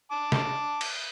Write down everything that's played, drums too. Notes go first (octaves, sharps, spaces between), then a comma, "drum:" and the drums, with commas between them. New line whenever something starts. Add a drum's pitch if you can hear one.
A5 D6
drum: snare
drum: cymbal